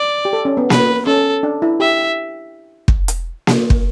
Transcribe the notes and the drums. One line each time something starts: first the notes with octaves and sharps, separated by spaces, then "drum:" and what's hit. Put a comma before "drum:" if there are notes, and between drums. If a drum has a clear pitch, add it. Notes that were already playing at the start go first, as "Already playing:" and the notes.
Already playing: D5
G4
A4
C#4
B3
B4, drum: snare A#3
C#4 A4
D4
E4
G4 E5
drum: kick
drum: hi-hat
drum: snare A#3
drum: kick